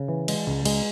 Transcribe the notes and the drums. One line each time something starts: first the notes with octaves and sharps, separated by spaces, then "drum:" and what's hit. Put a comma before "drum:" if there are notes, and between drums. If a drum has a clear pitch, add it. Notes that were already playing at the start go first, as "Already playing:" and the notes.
Already playing: C#3
E3
G#3, drum: cymbal
C#2
G#3, drum: cymbal